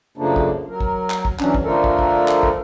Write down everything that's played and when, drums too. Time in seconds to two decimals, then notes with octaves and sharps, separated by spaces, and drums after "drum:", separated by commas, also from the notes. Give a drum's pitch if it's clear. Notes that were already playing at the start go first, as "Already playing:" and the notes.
0.18 F#2 C#3 F3 A3 A#3 D4
0.36 drum: kick
0.70 F#3 A#4
0.80 drum: kick
1.10 drum: clap
1.25 drum: kick
1.40 E3 F#3 C#4 D4, drum: clap
1.54 drum: kick
1.64 D3 F3 A3 D4 A4 A#4
1.84 drum: kick
1.99 drum: kick
2.28 drum: clap
2.43 drum: kick